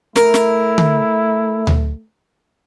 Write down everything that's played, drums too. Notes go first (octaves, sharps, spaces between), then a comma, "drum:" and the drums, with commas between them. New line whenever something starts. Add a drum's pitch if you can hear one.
A3 E4 A#4, drum: snare
drum: snare
drum: tom D3
drum: tom D2